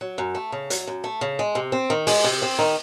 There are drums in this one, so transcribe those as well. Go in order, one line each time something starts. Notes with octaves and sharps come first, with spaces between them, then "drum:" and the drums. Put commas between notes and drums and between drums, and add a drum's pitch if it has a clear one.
F#3
F#2
A3
C#3
F#3, drum: hi-hat
F#2
A3
C#3
G#3
C3
C4
D#3
G#3, drum: open hi-hat
C3
C4
D#3